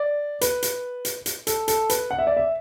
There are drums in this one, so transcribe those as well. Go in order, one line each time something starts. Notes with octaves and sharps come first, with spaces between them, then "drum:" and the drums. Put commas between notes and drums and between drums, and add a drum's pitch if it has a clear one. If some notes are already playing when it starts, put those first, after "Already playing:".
Already playing: D5
B4, drum: hi-hat
drum: hi-hat
drum: hi-hat
drum: hi-hat
A4, drum: hi-hat
A4, drum: hi-hat
B4, drum: hi-hat
F#5
E5
D5
E5